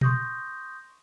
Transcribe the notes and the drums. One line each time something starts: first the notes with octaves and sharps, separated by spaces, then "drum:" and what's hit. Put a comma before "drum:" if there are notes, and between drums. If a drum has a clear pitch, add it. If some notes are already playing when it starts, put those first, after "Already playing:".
C6 C#6 D#6 G6 A#6, drum: tom A#2